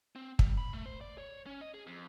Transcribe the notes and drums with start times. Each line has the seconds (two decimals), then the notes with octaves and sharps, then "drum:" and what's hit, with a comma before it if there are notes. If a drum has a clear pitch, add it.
0.16 C4
0.39 G3, drum: kick
0.58 B5
0.73 A3
0.86 C5
1.01 D5
1.18 C#5
1.46 C#4
1.61 D#5
1.74 G#4
1.87 F2